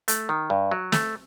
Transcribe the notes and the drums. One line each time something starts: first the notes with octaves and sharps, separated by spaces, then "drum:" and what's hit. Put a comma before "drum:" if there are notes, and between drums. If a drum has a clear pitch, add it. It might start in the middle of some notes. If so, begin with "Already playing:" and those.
A3, drum: hi-hat
D#3
G2
F#3
A3, drum: snare